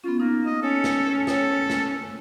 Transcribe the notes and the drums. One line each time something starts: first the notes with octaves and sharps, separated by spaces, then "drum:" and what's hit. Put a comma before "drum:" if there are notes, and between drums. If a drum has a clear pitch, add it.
B3 C#4 F4
A#3 D#4
D#5
C#4 A4
drum: snare
A4 C#5 G5 D#6, drum: snare
drum: snare